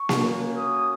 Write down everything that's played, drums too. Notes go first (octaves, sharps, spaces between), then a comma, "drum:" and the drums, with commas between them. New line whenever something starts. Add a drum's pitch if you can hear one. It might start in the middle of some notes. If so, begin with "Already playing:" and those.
Already playing: C#6
A#3 C#4 F#4, drum: snare A#3
D#6